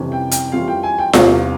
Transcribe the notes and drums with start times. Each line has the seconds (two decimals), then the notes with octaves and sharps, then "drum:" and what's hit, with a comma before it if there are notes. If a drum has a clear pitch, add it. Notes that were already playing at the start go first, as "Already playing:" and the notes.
Already playing: F2 C3 E3 G3 C#4
0.12 G5
0.31 G5, drum: hi-hat
0.52 F2 E3 G3 C#4 F4 F5
0.68 G5
0.83 G#5
0.99 G5
1.13 E2 C3 E3 G3 C#4 F5, drum: snare F4